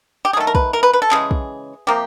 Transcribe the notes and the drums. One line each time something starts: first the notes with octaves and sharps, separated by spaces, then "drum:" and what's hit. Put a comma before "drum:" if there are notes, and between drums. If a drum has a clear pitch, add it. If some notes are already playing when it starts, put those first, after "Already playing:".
G4
G#4
D#3 F#3 A3 A4
A#4
B4, drum: kick
A#4
B4
B4
A4
C#3 E3 G#3 G#4, drum: clap
drum: kick
C3 F3 A#3 G4